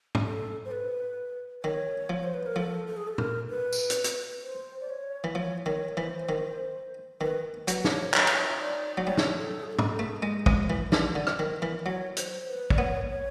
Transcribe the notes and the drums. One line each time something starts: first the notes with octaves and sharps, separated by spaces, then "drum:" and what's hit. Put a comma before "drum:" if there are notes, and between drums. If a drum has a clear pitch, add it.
drum: tom
A4
C5
B4
D#3 C#5
F3
C5
B4
A#4
F3 A4
A4
G#4
A4
A#4, drum: tom
B4
drum: tambourine
drum: hi-hat
drum: hi-hat
C5
D5
C#5
E3
F3 C#5
D#3 C#5
E3 C5
D#3
D#3 B4
F#3 B4, drum: hi-hat
C5, drum: snare
C#5
C#5, drum: clap
drum: cymbal
D5
F#3
G3 C#5
drum: snare
A4
G#4
A4
drum: tom
A4
A3 G#4
G#3
G#3, drum: kick
E3
E3, drum: snare
D3
drum: rim click
D#3
E3
F#3 C#5
C5, drum: hi-hat
B4
D5, drum: kick
B3 C#5
C#5